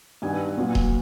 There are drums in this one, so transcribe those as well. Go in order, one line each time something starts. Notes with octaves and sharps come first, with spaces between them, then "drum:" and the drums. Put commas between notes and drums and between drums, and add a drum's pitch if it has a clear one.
G2 D#3 G3 B3 G#5
A#2 F#3 B3
drum: kick D#1